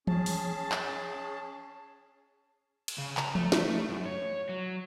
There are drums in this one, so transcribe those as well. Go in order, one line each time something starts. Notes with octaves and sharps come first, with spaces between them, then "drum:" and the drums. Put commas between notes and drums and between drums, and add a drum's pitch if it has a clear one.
C#4 G#4 A5, drum: tom E3
drum: open hi-hat
drum: clap
drum: cymbal
C#3
A#5, drum: clap
A3, drum: tom E3
drum: snare
A3
F#2
C#5
F#3